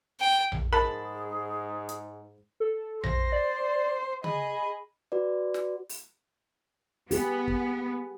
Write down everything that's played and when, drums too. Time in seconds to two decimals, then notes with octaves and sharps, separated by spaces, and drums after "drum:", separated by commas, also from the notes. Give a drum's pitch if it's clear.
0.20 G5
0.52 drum: tom A#1
0.73 G#2 G#4 A#4 A5 B5
1.89 drum: hi-hat
2.60 A4
3.04 C5 A#6, drum: tom A#1
3.32 D5
4.24 G#4 D#5 B5, drum: tom C#3
5.12 F#4 B4 D5
5.54 drum: snare
5.89 drum: open hi-hat
7.11 B3 G4 G#4, drum: open hi-hat
7.48 drum: kick